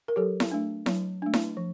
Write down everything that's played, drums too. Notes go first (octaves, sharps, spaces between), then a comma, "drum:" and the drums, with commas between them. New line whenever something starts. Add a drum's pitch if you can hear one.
A#4
F#3 G4 A4
drum: snare E4
A3 D4
F#3, drum: snare E4
A3 D4
drum: snare E4
F3